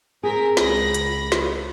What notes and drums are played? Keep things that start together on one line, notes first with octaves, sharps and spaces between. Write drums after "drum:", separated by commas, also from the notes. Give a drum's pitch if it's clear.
C4 G#4 A#4 B6
C#2 B5 A#6, drum: snare
drum: hi-hat
drum: snare